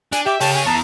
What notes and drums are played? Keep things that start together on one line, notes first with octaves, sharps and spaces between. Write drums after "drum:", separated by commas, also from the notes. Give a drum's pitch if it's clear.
D4 G#5, drum: hi-hat
G4 E5 D6
C#3 G4 C#5 A5, drum: open hi-hat
G#5
E2 A5 A#5